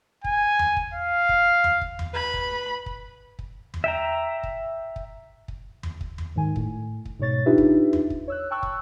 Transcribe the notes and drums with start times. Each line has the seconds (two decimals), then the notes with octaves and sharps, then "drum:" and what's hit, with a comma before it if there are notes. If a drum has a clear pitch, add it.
0.24 G#5, drum: kick
0.59 drum: tom E2
0.77 drum: kick
0.94 F5
1.29 drum: kick
1.64 drum: tom E2
1.81 drum: kick
1.99 drum: tom E2
2.14 B4 B5
2.34 drum: kick
2.86 drum: kick
3.39 drum: kick
3.74 drum: tom E2
3.84 E5 G5 A#5
4.43 drum: kick
4.96 drum: kick
5.48 drum: kick
5.83 drum: tom E2
6.01 drum: kick
6.18 drum: tom E2
6.36 G#2 D#3 G#5
6.56 A2, drum: kick
7.06 drum: kick
7.19 G#2 B2 C#5 A6
7.46 D4 D#4 F4 G4 B4 E5
7.58 drum: kick
7.93 drum: tom E2
8.10 drum: kick
8.28 C#5 E6 F#6
8.51 G5 A5 C#6 E6 F#6
8.63 drum: kick